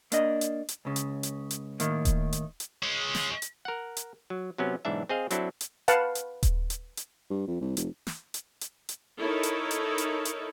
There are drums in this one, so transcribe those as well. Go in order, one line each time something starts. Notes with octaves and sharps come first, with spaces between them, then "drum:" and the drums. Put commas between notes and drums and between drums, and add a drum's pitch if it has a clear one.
A#3 D4 D#5, drum: hi-hat
drum: hi-hat
drum: hi-hat
C#2 C#3
drum: hi-hat
drum: hi-hat
drum: hi-hat
A2 D#3 A#3, drum: hi-hat
drum: kick D#1, hi-hat
drum: hi-hat
drum: hi-hat
G#3 C#4
drum: snare
drum: hi-hat
A#4 F#5
drum: hi-hat
F#3
C3 F#3 B3 C#4
B1 G#2 E3 D4 E5
C4 G#4 D#5 F5
F#3 C4 D4 E4 A4, drum: hi-hat
drum: hi-hat
B4 F5 F#5 A5, drum: hi-hat
drum: hi-hat
drum: kick D#1, hi-hat
drum: hi-hat
drum: hi-hat
G2
F2
C2
F1, drum: hi-hat
drum: snare
drum: hi-hat
drum: hi-hat
drum: hi-hat
D#4 E4 A4 A#4 C#5
drum: hi-hat
drum: hi-hat
drum: hi-hat
drum: hi-hat